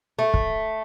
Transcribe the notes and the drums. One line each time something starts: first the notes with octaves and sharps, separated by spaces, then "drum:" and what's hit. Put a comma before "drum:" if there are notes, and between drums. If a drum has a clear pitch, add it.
A3
drum: kick